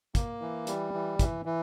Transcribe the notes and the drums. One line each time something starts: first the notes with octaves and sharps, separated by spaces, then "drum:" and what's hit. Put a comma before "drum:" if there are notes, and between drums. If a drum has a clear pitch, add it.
A#3, drum: kick, hi-hat
E3
G3, drum: hi-hat
E3
E3, drum: kick, hi-hat
E3